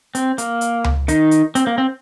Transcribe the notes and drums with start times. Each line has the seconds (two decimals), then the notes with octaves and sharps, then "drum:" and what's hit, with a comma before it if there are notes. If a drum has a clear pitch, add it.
0.15 C4, drum: hi-hat
0.38 A#3, drum: hi-hat
0.61 drum: hi-hat
0.84 drum: tom C#2
1.08 D#3 D#4, drum: hi-hat
1.31 drum: hi-hat
1.55 C4, drum: hi-hat
1.67 A#3
1.78 C4